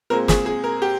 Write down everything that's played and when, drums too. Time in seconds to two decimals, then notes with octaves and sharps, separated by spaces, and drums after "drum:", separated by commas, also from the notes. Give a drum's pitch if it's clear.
0.10 A#2 G#3 C4 A#4
0.28 G#4, drum: snare
0.46 G#4
0.64 A#4
0.82 G4